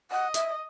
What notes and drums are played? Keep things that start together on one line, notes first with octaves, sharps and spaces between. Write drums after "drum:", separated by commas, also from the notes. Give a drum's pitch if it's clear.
D#5 F#5
E5, drum: hi-hat